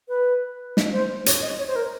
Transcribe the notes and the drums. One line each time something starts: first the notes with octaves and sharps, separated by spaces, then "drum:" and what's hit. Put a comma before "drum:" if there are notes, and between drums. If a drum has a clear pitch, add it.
B4
drum: snare
C5
C#5, drum: hi-hat
D#5
C#5
C5
A#4